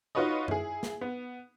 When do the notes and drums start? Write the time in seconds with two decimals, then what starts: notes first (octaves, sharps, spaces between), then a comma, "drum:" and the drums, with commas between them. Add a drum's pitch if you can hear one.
0.15 D#4 F4 F#4 B4 C#5 D#5
0.48 E4 G#4, drum: tom F#2
0.83 drum: snare
1.01 B3